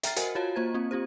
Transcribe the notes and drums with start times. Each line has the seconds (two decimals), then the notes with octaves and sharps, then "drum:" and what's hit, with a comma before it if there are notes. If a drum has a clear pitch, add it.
0.03 E5 G5 A#5 F6 A6 C7, drum: hi-hat
0.16 F#4 A#4 C5 D#5 F#5 G#5, drum: hi-hat
0.35 F4 F#4 C#5 F5 A5
0.56 A#3 F4 C5 A#5 G#6
0.74 A#3 C4 F4
0.91 C4 F4 G4 C5